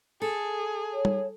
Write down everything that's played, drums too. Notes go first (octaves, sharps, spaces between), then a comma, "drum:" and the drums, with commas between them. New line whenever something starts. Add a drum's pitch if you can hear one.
G#4 A4
C#5
drum: tom G3